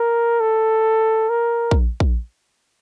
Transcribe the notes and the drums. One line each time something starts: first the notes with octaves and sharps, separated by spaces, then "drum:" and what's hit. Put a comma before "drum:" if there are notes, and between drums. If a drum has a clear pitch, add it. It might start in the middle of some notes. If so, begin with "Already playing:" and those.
Already playing: A#4
A4
A#4
drum: kick A#1
drum: kick A#1